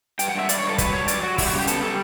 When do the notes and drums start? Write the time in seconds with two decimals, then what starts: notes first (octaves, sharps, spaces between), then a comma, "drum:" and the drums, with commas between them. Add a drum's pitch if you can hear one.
0.19 G2 G5, drum: hi-hat
0.29 F#5
0.34 G2 E5
0.49 G2 D5, drum: hi-hat
0.59 C#5
0.64 G2
0.69 A4
0.78 F#3 B4, drum: kick, hi-hat
0.93 G2 C#5
1.08 F#3 D5, drum: hi-hat
1.23 F#3 F#4
1.38 G3 E4, drum: kick, open hi-hat
1.47 F#4
1.53 C#3
1.58 G4
1.67 B3 A4, drum: hi-hat
1.82 G3 A4